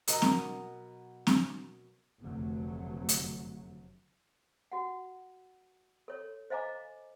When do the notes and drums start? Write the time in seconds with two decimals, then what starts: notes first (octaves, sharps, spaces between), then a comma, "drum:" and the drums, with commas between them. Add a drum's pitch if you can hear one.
0.07 B2 F#3 A#4 D#5, drum: hi-hat
0.22 drum: snare C4
1.27 drum: snare C4
2.20 F1 D2 F#3 A3
3.09 drum: hi-hat
4.72 F#4 F#5
6.08 A4 C#5
6.50 C5 D#5 F5 G#5 A#5 D6